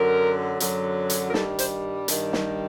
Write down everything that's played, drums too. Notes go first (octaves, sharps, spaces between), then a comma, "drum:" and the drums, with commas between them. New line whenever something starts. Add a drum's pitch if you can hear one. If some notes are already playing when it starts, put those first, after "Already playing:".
Already playing: F#2 D3 F#3 A#4
F#2 D3 F#3, drum: hi-hat
drum: hi-hat
A#4
G2 D#3 G3 A4, drum: snare
C5, drum: hi-hat
G2 D#3 G3, drum: hi-hat
drum: snare